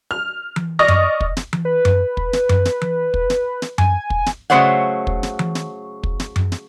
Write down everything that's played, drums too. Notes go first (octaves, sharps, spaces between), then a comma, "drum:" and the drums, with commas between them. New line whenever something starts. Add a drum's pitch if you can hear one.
F6
drum: tom E3
D5 D#5 C#6 D#6 F6 A#6
drum: tom F#2
drum: kick
drum: snare
drum: tom E3
B4
drum: tom F#2
drum: kick
drum: snare
drum: tom F#2
drum: snare
drum: tom E3
drum: kick
drum: snare
drum: snare
G#5, drum: tom F#2
drum: kick
drum: snare
C#3 F#3 A3 C5 C#5 F#5
drum: kick
drum: snare
drum: tom E3
drum: snare
drum: kick
drum: snare
drum: tom F#2
drum: snare